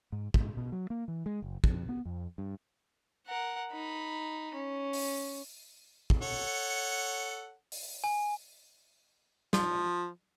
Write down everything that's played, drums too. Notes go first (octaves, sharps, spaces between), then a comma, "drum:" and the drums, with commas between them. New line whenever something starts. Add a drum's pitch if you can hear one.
G#2
G#2, drum: kick
B2
F#3
A#3
E3
G#3
F#1
F2, drum: kick
B3
F2
G2
A#4 F#5
D#4 B5
C#4
drum: open hi-hat
drum: kick
A4 C#5 F#5
drum: open hi-hat
G#5
F3, drum: snare